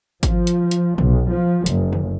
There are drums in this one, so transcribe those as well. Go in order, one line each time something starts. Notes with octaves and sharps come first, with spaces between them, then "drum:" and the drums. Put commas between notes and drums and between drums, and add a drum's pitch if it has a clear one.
F3, drum: kick G#1, hi-hat
drum: hi-hat
drum: hi-hat
B1, drum: tom C3
F3
F#1, drum: hi-hat
drum: tom D3